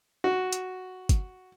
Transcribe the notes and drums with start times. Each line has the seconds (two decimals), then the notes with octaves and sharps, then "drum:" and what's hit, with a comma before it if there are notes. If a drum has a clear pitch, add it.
0.24 F#4
0.53 drum: hi-hat
1.09 drum: kick, hi-hat